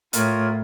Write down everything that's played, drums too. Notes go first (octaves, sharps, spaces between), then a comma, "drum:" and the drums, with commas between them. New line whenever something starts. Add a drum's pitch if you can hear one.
A2 F4 A#4 C#5, drum: hi-hat